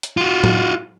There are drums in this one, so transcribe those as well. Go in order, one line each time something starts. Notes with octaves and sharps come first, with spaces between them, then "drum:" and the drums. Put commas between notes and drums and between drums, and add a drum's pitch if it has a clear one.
drum: hi-hat
F4 F#4
drum: tom